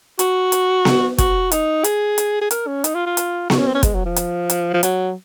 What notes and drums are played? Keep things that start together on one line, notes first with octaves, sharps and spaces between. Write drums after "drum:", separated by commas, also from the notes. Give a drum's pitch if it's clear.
F#4, drum: hi-hat
drum: hi-hat
drum: snare B3
F#4, drum: kick, hi-hat
D#4, drum: hi-hat
G#4, drum: hi-hat
drum: hi-hat
G#4
A#4, drum: hi-hat
C#4
D#4, drum: hi-hat
F4
F4
drum: hi-hat
F#4, drum: snare B3
C#4
C4
C#4
G#3, drum: kick, hi-hat
F#3
F3
drum: hi-hat
drum: hi-hat
F3
F#3, drum: hi-hat